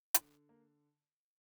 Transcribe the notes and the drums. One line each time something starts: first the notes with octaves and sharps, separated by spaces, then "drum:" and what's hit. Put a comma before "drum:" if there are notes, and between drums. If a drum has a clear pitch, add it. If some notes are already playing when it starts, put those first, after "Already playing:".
D3, drum: hi-hat
A#3